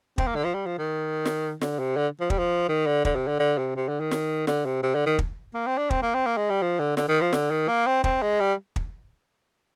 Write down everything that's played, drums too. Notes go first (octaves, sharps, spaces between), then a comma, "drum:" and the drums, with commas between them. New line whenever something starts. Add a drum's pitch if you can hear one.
C4, drum: kick
A#3
D3
F3
G3
F3
D#3
drum: snare
D3, drum: snare
C3
D3
F3
G3, drum: kick
F3
D#3
D3
D3, drum: kick
C3
D3
D3
C3
C3
D3
D#3
drum: snare
D3, drum: snare
C3
C3
D3
D#3
drum: kick
A#3
C4
D4
C4, drum: kick
A#3
C4
A#3
G#3
G3
F3
D3
D3, drum: snare
D#3
F3
D3, drum: snare
D#3
A#3
C4
C4, drum: kick
G#3
G3
drum: kick